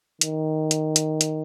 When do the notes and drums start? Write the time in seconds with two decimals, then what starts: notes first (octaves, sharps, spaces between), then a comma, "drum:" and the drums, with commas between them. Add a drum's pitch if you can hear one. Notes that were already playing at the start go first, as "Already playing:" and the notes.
0.21 D#3, drum: hi-hat
0.71 drum: hi-hat
0.96 drum: hi-hat
1.21 drum: hi-hat